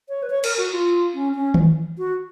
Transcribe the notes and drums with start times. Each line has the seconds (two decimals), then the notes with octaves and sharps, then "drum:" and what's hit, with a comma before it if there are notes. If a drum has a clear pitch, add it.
0.09 C#5
0.23 B4
0.30 C#5
0.44 A#4, drum: cymbal
0.58 F#4
0.72 F4
1.14 C#4
1.35 C#4
1.54 drum: tom D#3
1.98 F#4